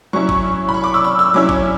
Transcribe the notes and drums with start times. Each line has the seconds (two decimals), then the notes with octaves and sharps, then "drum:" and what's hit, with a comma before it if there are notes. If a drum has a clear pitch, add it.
0.13 F#3 C#4 E4 C#6
0.29 drum: kick
0.69 B5
0.74 C#6
0.84 D6
0.94 E6
1.04 E6
1.19 E6
1.34 F#3 C#4 E4 D6
1.49 drum: kick